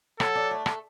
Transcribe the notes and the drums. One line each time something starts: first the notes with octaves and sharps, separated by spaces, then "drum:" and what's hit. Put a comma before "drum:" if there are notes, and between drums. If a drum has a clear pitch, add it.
F#3 A4, drum: rim click
D4
A3
A3, drum: rim click